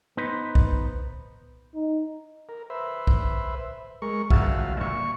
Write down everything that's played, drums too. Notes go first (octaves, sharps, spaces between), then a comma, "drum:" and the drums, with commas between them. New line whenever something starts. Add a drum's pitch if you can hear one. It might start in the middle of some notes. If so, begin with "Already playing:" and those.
B3 D#4 B4 C5
drum: kick B1
D#4
A#4
B4 C5 E5
drum: kick B1
G#3 A#4 C#6
G1 C2 F2 F#4 E5 F5, drum: kick B1
A#2 A#3 C#6